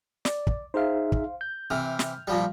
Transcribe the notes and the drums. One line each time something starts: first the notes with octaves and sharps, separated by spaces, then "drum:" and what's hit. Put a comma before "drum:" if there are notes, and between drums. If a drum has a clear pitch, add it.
D5, drum: snare
drum: kick
D#4 G#4 C5 E5 F5
drum: kick
G6
C3 E3 F6
drum: snare
A#2 F3 G3